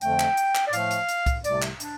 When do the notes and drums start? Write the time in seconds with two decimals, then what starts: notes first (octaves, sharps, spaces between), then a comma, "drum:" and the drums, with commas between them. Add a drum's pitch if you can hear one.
0.01 F2 D3 F3 A3 G5, drum: hi-hat
0.19 drum: clap
0.37 drum: hi-hat
0.55 drum: clap
0.68 D5
0.73 A2 F3 A3 F5, drum: hi-hat
0.91 drum: hi-hat
1.09 drum: hi-hat
1.26 drum: kick C2, hi-hat
1.44 C2 C3 A3 D5, drum: hi-hat
1.62 drum: clap
1.80 D4, drum: hi-hat